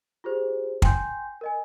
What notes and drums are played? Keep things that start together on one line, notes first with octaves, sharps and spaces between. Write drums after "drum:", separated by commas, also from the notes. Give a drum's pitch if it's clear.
F4 G4 G#4 C5
G5 G#5 C6 G6, drum: kick
A#4 D#5 G#5